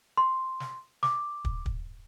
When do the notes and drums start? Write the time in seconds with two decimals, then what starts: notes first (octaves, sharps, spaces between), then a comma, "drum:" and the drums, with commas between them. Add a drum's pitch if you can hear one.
0.17 C6
0.60 drum: snare
1.03 D6, drum: snare
1.45 drum: kick
1.66 drum: kick